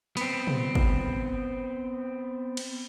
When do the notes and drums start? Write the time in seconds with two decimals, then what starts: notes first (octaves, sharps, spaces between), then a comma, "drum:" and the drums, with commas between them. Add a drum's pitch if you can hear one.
0.17 B3 C4, drum: hi-hat
0.47 drum: tom
0.75 drum: kick
2.57 drum: cymbal